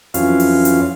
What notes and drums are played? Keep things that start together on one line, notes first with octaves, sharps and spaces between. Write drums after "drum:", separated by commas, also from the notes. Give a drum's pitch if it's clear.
F2 E3 F#3 C#4 F4 F5, drum: hi-hat
drum: open hi-hat
drum: hi-hat